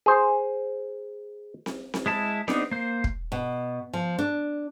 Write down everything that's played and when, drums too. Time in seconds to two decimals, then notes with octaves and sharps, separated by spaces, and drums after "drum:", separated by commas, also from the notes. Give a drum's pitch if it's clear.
0.06 G#4 C5
1.66 drum: snare C4
1.94 drum: snare C4
2.06 G#3 E4 A5
2.48 B3 C4 D4 D#4, drum: snare C4
2.71 A#3 C5
3.04 drum: kick
3.32 B2
3.93 F3
4.19 D4